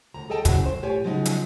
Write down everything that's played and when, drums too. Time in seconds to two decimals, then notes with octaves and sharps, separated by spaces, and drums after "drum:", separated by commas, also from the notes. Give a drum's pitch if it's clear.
0.14 D2 A#5
0.30 G#4 A4 D#5 G5 A5
0.45 F2 C#3 F#3 C4 E4 F#4, drum: kick, hi-hat
0.66 E2 C5
0.82 A2 G4 C#5 G#5
1.04 C#3 F3 F#3 G#3 D#4
1.25 drum: hi-hat